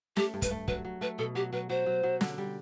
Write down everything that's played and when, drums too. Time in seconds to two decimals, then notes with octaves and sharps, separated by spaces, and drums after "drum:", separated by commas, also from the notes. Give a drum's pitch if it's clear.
0.17 A3 G4, drum: snare
0.34 G2
0.42 B4, drum: kick, hi-hat
0.51 A3
0.68 F#3 B4, drum: kick
0.85 F#3
1.01 A3 B4
1.18 B2 A4
1.35 F#3 G4
1.53 F#3 B4
1.70 F#3 C5
1.86 F#3
2.03 F#3
2.21 D3, drum: snare
2.38 G3